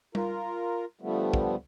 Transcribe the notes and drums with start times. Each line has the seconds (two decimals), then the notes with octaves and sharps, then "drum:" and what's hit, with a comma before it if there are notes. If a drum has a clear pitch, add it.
0.15 F4 A#4, drum: tom G3
1.01 D3 F3 G3 A3 B3
1.33 drum: kick